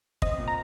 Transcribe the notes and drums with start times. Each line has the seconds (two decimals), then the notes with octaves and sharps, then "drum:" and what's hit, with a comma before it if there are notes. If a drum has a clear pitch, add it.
0.22 C4 D#5, drum: kick
0.39 A#2
0.48 A#5